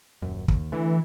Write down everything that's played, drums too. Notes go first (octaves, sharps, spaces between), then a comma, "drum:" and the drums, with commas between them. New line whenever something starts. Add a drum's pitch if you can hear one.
D#1 F#2
D#2, drum: kick
D3 E3 A3